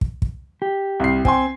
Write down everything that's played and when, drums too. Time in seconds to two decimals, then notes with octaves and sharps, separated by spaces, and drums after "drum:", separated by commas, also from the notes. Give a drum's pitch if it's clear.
0.01 drum: kick
0.22 drum: kick
0.62 G4
1.00 C2 C7
1.25 C4 G5 G#5 C6, drum: kick